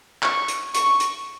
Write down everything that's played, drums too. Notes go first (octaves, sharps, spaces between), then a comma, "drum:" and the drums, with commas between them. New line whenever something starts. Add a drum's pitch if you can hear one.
C#6, drum: clap
drum: hi-hat
C#6, drum: hi-hat
drum: hi-hat